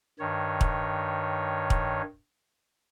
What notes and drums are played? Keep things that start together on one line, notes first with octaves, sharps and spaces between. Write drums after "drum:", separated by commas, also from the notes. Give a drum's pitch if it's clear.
G2 D#3 C#5
drum: kick
drum: kick